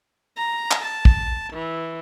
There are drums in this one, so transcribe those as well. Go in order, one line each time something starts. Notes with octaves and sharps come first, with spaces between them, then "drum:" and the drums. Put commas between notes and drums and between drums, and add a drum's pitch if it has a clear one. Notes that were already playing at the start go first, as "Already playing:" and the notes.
A#5
drum: clap
A5
drum: kick
E3